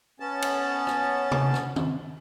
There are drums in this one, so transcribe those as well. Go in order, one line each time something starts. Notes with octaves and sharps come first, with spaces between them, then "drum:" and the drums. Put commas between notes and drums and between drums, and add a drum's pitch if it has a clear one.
B3 C#4 A5
drum: cymbal
drum: rim click
drum: tom C3
drum: rim click
drum: tom